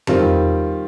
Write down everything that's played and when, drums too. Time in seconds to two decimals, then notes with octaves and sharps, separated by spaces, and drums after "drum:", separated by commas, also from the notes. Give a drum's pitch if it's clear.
0.07 D#3 G3 C4 F4, drum: tom F2